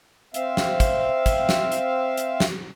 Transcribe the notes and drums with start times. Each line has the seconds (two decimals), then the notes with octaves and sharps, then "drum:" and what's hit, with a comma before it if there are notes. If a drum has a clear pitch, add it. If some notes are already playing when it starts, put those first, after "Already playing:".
0.34 C4 E5 F5, drum: hi-hat
0.57 drum: snare
0.80 drum: kick, hi-hat
1.26 drum: kick, hi-hat
1.49 drum: snare
1.72 drum: hi-hat
2.17 drum: hi-hat
2.40 drum: snare